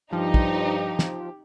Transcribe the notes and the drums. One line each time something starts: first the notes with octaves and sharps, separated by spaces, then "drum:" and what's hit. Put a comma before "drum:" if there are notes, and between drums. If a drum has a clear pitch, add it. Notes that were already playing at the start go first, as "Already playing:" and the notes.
G2 F3 D#4 G4
drum: kick
drum: snare